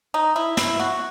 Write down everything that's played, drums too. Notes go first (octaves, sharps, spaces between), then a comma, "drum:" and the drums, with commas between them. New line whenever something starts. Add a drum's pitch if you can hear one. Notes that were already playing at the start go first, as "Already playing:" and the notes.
D#4
E4
E4, drum: snare
F#4